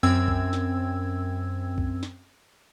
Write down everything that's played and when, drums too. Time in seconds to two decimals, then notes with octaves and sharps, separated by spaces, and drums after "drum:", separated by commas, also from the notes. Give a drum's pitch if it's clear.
0.03 F#2 C4 E6 G#6
0.28 drum: kick B1
0.53 drum: snare
1.78 drum: kick B1
2.03 drum: snare